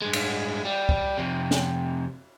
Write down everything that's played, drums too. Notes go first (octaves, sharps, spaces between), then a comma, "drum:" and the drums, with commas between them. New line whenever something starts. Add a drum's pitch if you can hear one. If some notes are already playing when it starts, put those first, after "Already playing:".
G2 G#3
drum: cymbal
G3
drum: kick C2
F2 C3
drum: snare